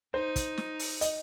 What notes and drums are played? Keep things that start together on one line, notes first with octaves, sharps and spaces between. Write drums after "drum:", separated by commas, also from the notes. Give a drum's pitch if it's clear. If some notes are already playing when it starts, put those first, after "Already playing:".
D#4 C5
drum: kick, hi-hat
drum: snare
drum: open hi-hat
D#5, drum: hi-hat